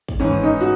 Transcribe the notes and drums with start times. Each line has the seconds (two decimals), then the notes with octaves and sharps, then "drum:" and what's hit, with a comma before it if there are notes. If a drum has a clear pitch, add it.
0.09 drum: kick
0.20 G#2 E3 C#4
0.44 D#4
0.61 F#4